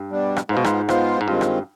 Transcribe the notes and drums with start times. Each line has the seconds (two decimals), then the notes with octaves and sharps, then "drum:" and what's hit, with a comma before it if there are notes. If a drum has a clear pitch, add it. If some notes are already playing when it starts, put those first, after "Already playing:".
Already playing: G2
0.11 B2 G3 D4
0.36 drum: rim click
0.49 G#2 G#3 B3 F4 C5
0.57 B2
0.65 G#2, drum: rim click
0.89 G#3 B3 F4 C5, drum: rim click
1.21 G#2
1.27 G2 D#3 G#3 C4 F4
1.41 drum: rim click